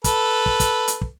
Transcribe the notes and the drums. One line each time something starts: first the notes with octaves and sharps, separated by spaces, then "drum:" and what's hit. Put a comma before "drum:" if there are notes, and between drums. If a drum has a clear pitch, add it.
A4 B4, drum: kick, hi-hat
drum: kick
drum: kick, hi-hat
drum: hi-hat
drum: kick